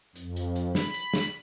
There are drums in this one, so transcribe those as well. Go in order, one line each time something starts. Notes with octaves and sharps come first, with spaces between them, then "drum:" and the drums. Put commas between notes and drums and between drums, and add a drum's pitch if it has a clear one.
F2, drum: hi-hat
drum: hi-hat
drum: hi-hat
B5, drum: snare
drum: hi-hat
drum: snare